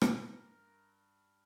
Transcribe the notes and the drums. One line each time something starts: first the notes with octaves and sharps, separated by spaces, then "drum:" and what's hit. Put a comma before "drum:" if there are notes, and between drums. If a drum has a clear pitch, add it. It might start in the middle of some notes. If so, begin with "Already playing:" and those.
G2 C5, drum: rim click
A#4